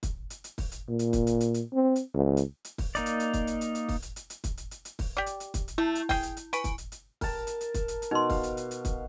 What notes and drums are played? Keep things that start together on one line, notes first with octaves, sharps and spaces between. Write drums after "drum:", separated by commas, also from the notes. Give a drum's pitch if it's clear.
drum: kick, hi-hat
drum: hi-hat
drum: hi-hat
drum: kick, open hi-hat
drum: hi-hat
A#2
drum: hi-hat
drum: kick, hi-hat
drum: hi-hat
drum: hi-hat
drum: hi-hat
C4
drum: hi-hat
C#2
drum: hi-hat
drum: hi-hat
drum: kick, open hi-hat
A#3 D#4 D5, drum: hi-hat
drum: hi-hat
drum: hi-hat
drum: kick, hi-hat
drum: hi-hat
drum: hi-hat
drum: hi-hat
drum: kick, open hi-hat
drum: hi-hat
drum: hi-hat
drum: hi-hat
drum: kick, hi-hat
drum: hi-hat
drum: hi-hat
drum: hi-hat
drum: kick, open hi-hat
G4 D5
drum: hi-hat
drum: hi-hat
drum: kick, hi-hat
drum: hi-hat
A3 E4
drum: hi-hat
G#4 G5, drum: kick, open hi-hat
drum: hi-hat
drum: hi-hat
B4 G#5 C#6 D7, drum: hi-hat
drum: kick, hi-hat
drum: hi-hat
drum: hi-hat
A#4 A5, drum: kick, open hi-hat
drum: hi-hat
drum: hi-hat
drum: kick, hi-hat
drum: hi-hat
drum: hi-hat
B2 D#4 C6
F5, drum: kick, open hi-hat
drum: hi-hat
drum: hi-hat
drum: hi-hat
drum: kick, hi-hat